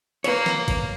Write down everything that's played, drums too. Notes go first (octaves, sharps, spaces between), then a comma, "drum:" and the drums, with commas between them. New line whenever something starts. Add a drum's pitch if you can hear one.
A#3 B4 C#5, drum: cymbal
drum: snare
drum: kick G#1, cymbal